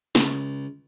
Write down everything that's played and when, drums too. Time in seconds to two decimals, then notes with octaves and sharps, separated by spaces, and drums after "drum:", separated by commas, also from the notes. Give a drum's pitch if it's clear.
0.15 C#2, drum: snare